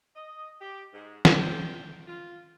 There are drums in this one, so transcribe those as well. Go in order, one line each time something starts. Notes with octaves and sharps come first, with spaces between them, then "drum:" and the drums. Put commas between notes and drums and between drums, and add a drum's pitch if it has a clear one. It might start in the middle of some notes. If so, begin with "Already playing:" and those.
D#5
G4
G#2
drum: snare
G5
F4